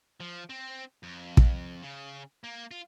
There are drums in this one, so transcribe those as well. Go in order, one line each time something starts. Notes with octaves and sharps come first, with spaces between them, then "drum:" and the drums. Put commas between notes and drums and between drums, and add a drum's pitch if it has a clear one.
F3
C4
F2
drum: kick
C#3
A#3
F4